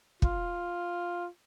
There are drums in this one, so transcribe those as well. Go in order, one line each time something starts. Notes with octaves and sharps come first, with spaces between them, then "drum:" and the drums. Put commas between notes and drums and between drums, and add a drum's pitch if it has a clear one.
F4, drum: kick